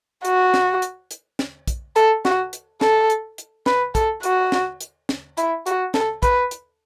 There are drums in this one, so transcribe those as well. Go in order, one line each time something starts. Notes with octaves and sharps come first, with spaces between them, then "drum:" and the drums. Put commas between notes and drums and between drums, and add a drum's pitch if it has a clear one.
F#4, drum: hi-hat
drum: snare
drum: hi-hat
drum: hi-hat
drum: snare
drum: kick, hi-hat
A4, drum: hi-hat
F#4, drum: snare
drum: hi-hat
A4, drum: snare
drum: hi-hat
drum: hi-hat
B4, drum: snare
A4, drum: kick, hi-hat
F#4, drum: hi-hat
drum: snare
drum: hi-hat
drum: snare
E4, drum: hi-hat
F#4, drum: hi-hat
A4, drum: snare
B4, drum: kick, hi-hat
drum: hi-hat